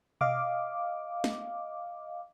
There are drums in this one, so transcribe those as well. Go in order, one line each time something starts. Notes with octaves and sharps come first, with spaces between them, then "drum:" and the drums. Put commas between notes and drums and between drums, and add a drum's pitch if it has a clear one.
D#5 F5 D6, drum: tom B2
drum: snare